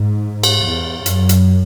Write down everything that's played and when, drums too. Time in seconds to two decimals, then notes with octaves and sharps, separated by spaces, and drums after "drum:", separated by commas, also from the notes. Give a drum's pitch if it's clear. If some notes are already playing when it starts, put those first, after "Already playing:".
Already playing: G#2
0.43 drum: cymbal
0.67 E2
1.06 F#2, drum: hi-hat
1.29 drum: hi-hat